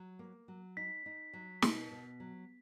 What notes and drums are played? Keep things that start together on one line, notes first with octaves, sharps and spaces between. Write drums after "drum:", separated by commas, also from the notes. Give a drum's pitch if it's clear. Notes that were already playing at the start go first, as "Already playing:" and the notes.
Already playing: F#3
A#3
F#3
D#4 B6
D#4
F#3
B2, drum: snare
B2
F#3